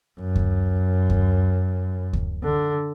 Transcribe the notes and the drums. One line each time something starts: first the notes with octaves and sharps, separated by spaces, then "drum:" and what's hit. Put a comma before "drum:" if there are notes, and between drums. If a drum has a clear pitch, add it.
F#2
drum: kick D2
drum: kick D2
drum: kick D2
D3